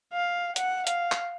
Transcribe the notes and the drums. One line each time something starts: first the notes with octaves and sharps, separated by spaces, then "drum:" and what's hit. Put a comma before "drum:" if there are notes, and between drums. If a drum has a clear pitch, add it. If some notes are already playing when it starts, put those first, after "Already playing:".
F5
F#5, drum: hi-hat
F5, drum: hi-hat
drum: clap